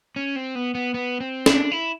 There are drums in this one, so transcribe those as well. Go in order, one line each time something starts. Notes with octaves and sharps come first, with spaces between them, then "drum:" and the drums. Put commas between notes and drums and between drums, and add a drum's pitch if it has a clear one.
C#4
C4
B3
B3
B3
C4
D4, drum: snare C#4
E4